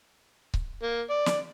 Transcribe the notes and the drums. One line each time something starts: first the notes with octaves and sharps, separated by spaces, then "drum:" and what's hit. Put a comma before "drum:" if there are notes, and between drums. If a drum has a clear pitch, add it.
drum: kick C#1
A#3
D5
drum: snare